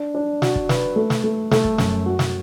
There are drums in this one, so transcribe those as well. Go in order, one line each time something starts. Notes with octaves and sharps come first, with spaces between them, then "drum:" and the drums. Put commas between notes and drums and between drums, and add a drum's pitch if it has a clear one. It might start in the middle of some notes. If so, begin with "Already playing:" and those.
Already playing: D4
D4
F#4, drum: snare
drum: kick
B4, drum: snare
A3
drum: snare
A3
A3, drum: snare
drum: kick
F#2, drum: snare
F#4
drum: snare